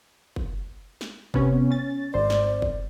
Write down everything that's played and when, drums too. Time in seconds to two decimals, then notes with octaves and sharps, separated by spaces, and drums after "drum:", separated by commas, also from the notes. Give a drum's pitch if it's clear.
0.36 drum: kick
1.01 drum: snare
1.34 C3 B3 C#4, drum: kick
1.71 C#4 A6
2.14 G#1 C5 D5
2.30 drum: snare
2.62 drum: kick